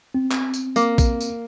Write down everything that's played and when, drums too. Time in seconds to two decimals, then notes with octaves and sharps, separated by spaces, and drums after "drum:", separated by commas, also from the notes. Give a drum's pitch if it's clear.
0.14 C4
0.31 drum: clap
0.54 drum: tambourine
0.76 A#3, drum: tambourine
0.98 drum: kick A#1, tambourine
1.21 drum: tambourine